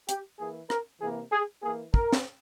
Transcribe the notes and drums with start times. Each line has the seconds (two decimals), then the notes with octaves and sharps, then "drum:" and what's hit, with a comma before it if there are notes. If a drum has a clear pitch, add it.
0.09 G4, drum: hi-hat
0.39 E3 A#3 G#4
0.70 A#4, drum: rim click
1.01 C3 E3 A#3 G#4
1.32 G#4
1.63 E3 A#3 G#4
1.94 A#4, drum: kick
2.13 drum: snare